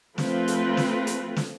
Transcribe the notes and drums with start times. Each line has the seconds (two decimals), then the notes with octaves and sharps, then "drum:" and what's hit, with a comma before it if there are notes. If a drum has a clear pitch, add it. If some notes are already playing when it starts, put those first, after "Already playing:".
0.18 F3 A3 C4 F4 B4, drum: snare
0.48 drum: hi-hat
0.77 drum: snare
1.07 drum: hi-hat
1.36 drum: snare